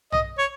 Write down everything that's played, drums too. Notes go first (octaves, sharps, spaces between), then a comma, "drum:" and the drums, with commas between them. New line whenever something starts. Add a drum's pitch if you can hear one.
D#5, drum: tom
C#5